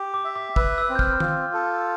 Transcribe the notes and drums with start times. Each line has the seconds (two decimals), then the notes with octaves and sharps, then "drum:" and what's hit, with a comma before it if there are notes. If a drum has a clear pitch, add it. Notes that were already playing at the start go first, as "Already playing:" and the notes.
Already playing: G4
0.14 D6
0.25 E5
0.36 D6
0.56 B4 E6, drum: kick
0.78 E6
0.90 C4
0.95 G6
0.99 F6, drum: kick
1.20 F4, drum: tom
1.53 A4